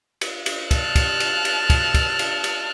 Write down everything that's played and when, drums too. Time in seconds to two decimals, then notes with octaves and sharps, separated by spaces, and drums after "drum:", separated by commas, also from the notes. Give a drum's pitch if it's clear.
0.21 drum: cymbal
0.46 drum: cymbal
0.71 A5 F6 F#6, drum: kick, cymbal
0.96 drum: kick, cymbal
1.20 drum: cymbal
1.45 drum: cymbal
1.70 drum: kick, cymbal
1.94 drum: kick, cymbal
2.19 drum: cymbal
2.44 drum: cymbal